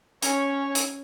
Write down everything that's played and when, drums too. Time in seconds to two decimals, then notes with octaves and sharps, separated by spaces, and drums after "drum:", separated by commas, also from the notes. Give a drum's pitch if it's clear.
0.22 C#4 C#5, drum: hi-hat
0.75 drum: hi-hat